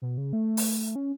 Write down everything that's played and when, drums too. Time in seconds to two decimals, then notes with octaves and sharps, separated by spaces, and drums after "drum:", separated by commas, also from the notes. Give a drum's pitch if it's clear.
0.02 B2
0.18 C#3
0.33 A3
0.57 drum: open hi-hat
0.96 C#4